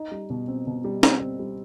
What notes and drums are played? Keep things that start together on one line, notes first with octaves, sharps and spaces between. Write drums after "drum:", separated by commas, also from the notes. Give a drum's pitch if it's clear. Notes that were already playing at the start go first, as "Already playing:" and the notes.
Already playing: D#4
G3
B2
C4
B2
G3
C4, drum: snare
C4
G3